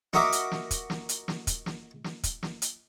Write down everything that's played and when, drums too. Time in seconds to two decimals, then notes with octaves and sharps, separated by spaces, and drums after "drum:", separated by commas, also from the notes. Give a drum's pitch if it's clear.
0.13 D#4 F#4 A#4 D#5 E5 D6, drum: snare
0.32 drum: hi-hat
0.51 drum: snare
0.71 drum: kick, hi-hat
0.90 drum: snare
1.09 drum: hi-hat
1.28 drum: snare
1.47 drum: kick, hi-hat
1.66 drum: snare
2.04 drum: snare
2.23 drum: kick, hi-hat
2.43 drum: snare
2.62 drum: hi-hat